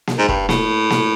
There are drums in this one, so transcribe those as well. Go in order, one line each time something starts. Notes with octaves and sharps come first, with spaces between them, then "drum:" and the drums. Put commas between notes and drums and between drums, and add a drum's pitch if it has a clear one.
drum: snare A#3
G#2
G2, drum: kick
A2, drum: snare A#3
drum: snare A#3